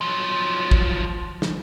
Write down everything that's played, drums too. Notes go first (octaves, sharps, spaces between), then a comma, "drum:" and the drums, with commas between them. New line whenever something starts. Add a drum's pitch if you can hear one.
F3 F#3
drum: kick
drum: snare